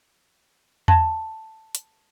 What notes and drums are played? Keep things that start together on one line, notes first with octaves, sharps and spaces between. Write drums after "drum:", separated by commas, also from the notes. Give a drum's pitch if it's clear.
A5, drum: tom E2
drum: hi-hat